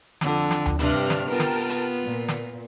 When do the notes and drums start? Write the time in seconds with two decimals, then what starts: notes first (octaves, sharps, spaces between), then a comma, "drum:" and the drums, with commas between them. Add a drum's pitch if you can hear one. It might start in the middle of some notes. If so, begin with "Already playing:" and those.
0.21 F2 D3, drum: snare
0.51 drum: snare
0.66 drum: tom D2
0.79 G2 C3 C4 D4 F6, drum: hi-hat
1.10 drum: snare
1.29 B3 F4 A#4 G5 A5
1.40 drum: snare
1.69 drum: hi-hat
2.04 A#2
2.29 drum: snare